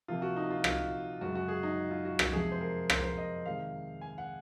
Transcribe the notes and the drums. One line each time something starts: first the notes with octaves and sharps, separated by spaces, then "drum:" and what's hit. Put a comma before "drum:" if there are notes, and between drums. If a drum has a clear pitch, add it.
C3 F3 A#3 F4
F#4
D#4
F4
F4, drum: rim click
F#2 C#3 G#3 F#4
F#4
G#4
D#4
F4
F#4
F#4, drum: rim click
F2 C3 F3 G#3 G#4
C5
A#4
C5, drum: rim click
A#4
C5
D#5
C3 D#3 G#3 F5
G#5
F#5